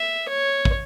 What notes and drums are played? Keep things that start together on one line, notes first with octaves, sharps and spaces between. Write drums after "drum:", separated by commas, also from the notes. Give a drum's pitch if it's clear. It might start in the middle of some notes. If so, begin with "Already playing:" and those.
Already playing: E5
C#5
drum: kick